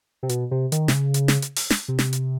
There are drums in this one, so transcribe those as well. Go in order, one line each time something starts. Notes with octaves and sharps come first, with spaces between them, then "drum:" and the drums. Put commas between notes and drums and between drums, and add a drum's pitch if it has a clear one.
C3
B2, drum: hi-hat
C3
D#3, drum: hi-hat
C3, drum: snare
C#3
drum: hi-hat
drum: snare
drum: hi-hat
drum: open hi-hat
drum: snare
C3
drum: snare
drum: hi-hat